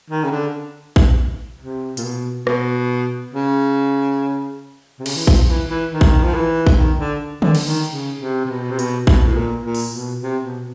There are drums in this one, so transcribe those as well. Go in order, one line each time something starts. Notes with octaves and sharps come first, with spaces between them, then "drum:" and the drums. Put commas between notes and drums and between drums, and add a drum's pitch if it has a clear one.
D#3
C#3
D3
drum: kick A1
C3
A#2, drum: hi-hat
B2
B2, drum: rim click
C#3
C3
C#3, drum: cymbal
E3
F3, drum: kick A1
E3
E3
D#3
drum: kick A1
F3
E3
drum: kick A1
D#3
D3
D3, drum: tom D3
drum: cymbal
D#3
C#3
C3
C3
B2
C3
B2, drum: hi-hat
B2, drum: kick A1
A2
A#2
A#2
drum: open hi-hat
B2
C3
B2